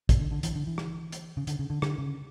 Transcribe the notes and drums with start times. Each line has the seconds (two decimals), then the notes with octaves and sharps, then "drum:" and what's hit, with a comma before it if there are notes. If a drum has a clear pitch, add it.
0.09 B2, drum: kick A#1, hi-hat
0.20 D3
0.32 D3
0.43 E3, drum: hi-hat
0.55 D3
0.67 E3
0.78 drum: rim click
1.12 drum: hi-hat
1.37 C#3
1.47 D3, drum: hi-hat
1.59 C#3
1.70 D3
1.82 D3, drum: rim click
1.98 C#3